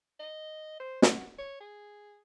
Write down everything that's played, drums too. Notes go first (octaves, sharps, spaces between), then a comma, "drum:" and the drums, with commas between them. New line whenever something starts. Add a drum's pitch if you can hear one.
D#5
C5
F#4, drum: snare
C#5
G#4